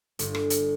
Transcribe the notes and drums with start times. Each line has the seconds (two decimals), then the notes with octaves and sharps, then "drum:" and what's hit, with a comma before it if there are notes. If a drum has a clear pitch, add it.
0.19 G1, drum: hi-hat
0.35 drum: rim click
0.50 drum: hi-hat